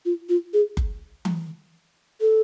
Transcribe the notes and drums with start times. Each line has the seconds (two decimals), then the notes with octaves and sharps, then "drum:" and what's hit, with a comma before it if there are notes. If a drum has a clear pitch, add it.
0.05 F4
0.29 F4
0.53 G#4
0.77 drum: kick F#1
1.25 drum: tom E3
2.21 A4